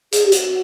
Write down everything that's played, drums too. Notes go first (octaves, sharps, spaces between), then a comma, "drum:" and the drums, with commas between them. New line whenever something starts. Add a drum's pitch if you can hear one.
G#4, drum: hi-hat
G4
F#4, drum: hi-hat